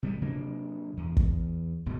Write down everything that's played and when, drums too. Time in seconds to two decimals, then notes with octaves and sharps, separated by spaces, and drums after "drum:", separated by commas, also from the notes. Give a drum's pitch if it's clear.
0.03 C3 G3 G#3
0.22 C3 F#3 A#3 D4
0.97 E2
1.17 drum: kick
1.86 D#1 G#1 G#2 B2